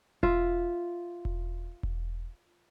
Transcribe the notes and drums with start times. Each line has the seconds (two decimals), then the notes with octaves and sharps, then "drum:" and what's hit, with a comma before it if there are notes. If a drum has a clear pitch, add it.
0.23 F4 E5, drum: kick E1
1.25 drum: kick E1
1.83 drum: kick E1